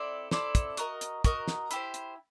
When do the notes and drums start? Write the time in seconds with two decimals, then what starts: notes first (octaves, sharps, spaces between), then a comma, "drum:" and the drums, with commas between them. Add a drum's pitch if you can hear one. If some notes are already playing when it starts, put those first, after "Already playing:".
Already playing: C4 E4 A4 D5
0.31 C4 E4 A4 D5, drum: snare
0.55 drum: kick, hi-hat
0.77 F#4 A#4 D#5, drum: hi-hat
1.01 drum: hi-hat
1.24 F#4 A#4 D#5, drum: kick, hi-hat
1.48 drum: snare
1.71 E4 G4 C5, drum: hi-hat
1.94 drum: hi-hat